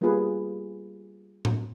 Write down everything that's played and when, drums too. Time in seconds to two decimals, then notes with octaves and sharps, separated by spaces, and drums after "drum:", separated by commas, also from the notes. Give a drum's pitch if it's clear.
0.01 G3 A#3 B3 F4 G#4 B4
1.45 drum: tom A2